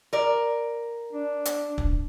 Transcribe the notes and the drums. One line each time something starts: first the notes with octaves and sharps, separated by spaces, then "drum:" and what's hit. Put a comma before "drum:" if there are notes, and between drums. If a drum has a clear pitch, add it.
A#4 D5
D4
drum: hi-hat
drum: kick